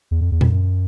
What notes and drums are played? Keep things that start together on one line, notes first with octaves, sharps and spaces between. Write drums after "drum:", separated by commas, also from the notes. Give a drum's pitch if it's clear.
E2
F2
E2
F2, drum: tom A#2
F#2